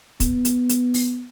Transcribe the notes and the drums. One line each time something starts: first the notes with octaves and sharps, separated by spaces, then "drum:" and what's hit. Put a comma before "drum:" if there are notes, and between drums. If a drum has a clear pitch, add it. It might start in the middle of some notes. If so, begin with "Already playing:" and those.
B3, drum: kick, hi-hat
drum: hi-hat
drum: hi-hat
drum: open hi-hat